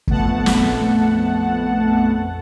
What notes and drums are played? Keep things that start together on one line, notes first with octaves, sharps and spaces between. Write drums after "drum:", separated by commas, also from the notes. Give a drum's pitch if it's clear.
A#1 F2 A3 B3 F#5 A5, drum: kick
drum: snare